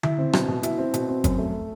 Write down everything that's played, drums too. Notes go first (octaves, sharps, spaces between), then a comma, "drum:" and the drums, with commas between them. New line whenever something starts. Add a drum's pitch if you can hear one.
E4, drum: tom D3
C4
B2, drum: rim click
B2
E4, drum: hi-hat
C4
B2, drum: hi-hat
C4
F#2, drum: kick G1, hi-hat
A3